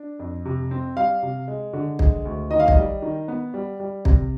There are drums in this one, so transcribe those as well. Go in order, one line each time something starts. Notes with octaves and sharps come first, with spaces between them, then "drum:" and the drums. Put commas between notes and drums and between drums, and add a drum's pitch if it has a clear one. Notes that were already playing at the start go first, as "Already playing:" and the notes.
Already playing: D4
F2
C3
C4
G3 F5
C3
G#3
D3
G#3, drum: kick
D2
D#3 D#5
F5
D#5, drum: kick
G3
D#3
B3
G3
G3
C3, drum: kick